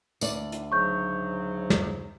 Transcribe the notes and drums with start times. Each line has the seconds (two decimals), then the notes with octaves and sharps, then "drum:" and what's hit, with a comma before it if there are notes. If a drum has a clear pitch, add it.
0.21 D2 D5, drum: tambourine
0.52 drum: hi-hat
0.72 G#2 C#3 F#3 C#6 G6
1.70 drum: snare